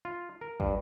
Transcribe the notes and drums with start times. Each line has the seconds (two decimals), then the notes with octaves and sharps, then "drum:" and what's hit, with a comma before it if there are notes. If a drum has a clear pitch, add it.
0.05 F4
0.41 A#4
0.60 G2, drum: kick